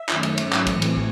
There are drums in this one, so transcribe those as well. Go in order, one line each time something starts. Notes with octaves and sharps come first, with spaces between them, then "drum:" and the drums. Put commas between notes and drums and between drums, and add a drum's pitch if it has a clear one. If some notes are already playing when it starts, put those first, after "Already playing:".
Already playing: E5
F#2 D#3 A3 C#4, drum: clap
drum: cymbal
G#2 F#3 C#4, drum: cymbal
drum: clap
A2 E3 A3 C4 G#5, drum: kick, cymbal
drum: cymbal
drum: kick